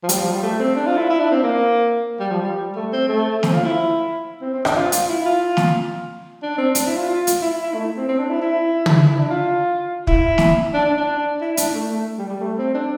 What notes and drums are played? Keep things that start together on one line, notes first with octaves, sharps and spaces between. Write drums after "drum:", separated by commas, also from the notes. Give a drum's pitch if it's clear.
F3
G3, drum: hi-hat
F3
G3
A3
C4
D4
F4
E4
E4
D4
C4
A#3
G3
F3
G3
A3
C4
A3
C4, drum: snare
F4
E4
C4
C4
D4, drum: rim click
F4
F4, drum: hi-hat
E4
F4
drum: snare
D4
C4
D4, drum: hi-hat
E4
F4
F4
drum: hi-hat
E4
E4
A3
C4
C4
D4
E4
E4
drum: tom
E4
D4
F4
E4, drum: kick
drum: snare
D4
D4
D4
E4
D4, drum: hi-hat
A3
A3
G3
G3
A3
C4
D4